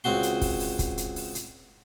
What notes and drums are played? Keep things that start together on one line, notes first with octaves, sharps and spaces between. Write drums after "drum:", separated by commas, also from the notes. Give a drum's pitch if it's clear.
C#2 C4 F#4 C6
drum: hi-hat
drum: kick, open hi-hat
drum: open hi-hat
drum: kick, hi-hat
drum: hi-hat
drum: open hi-hat
drum: hi-hat